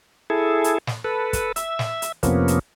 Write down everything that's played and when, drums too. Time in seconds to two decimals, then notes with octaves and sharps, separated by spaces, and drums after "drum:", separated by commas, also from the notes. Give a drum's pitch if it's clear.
0.30 E4 G#4 A4
0.64 drum: hi-hat
0.87 drum: snare
1.04 A4 B4
1.33 drum: kick, hi-hat
1.56 E5, drum: hi-hat
1.79 drum: snare
2.02 drum: hi-hat
2.23 F2 C3 F3 A#3 B3 C#4, drum: kick, hi-hat
2.48 drum: hi-hat